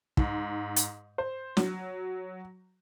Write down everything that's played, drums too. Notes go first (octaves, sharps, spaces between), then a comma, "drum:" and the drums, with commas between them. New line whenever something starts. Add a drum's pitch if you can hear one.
G#2, drum: kick
drum: hi-hat
C5
F#3, drum: snare